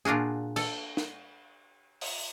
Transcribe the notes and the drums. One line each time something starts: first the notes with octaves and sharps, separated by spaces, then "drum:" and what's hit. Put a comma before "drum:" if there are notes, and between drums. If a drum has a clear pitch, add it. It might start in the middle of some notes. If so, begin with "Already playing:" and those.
A#2 D4 F4 F#4 G#4
A4, drum: cymbal
drum: snare
drum: open hi-hat